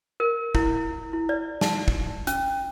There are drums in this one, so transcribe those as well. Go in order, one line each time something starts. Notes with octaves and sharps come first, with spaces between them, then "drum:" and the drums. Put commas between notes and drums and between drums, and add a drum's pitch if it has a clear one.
A#4
E4, drum: kick
E4
D5
A5, drum: snare
drum: kick
C#4, drum: hi-hat